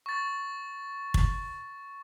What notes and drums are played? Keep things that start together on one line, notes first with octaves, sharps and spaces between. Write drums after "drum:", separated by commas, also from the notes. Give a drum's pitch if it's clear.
C#6 A6
drum: kick